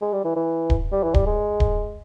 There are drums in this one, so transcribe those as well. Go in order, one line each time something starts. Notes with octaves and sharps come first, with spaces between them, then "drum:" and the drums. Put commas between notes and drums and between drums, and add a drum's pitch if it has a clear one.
G#3
G3
E3
E3
drum: kick D1
G3
E3
G3, drum: kick D1
G#3
drum: kick D1